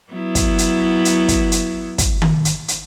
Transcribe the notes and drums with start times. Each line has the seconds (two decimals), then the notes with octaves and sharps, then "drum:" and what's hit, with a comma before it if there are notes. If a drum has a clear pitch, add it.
0.12 F#3 B3 E4
0.35 drum: kick, hi-hat
0.58 drum: hi-hat
1.05 drum: hi-hat
1.28 drum: kick, hi-hat
1.52 drum: hi-hat
1.98 drum: kick, hi-hat
2.22 drum: tom D#3
2.45 drum: hi-hat
2.68 drum: hi-hat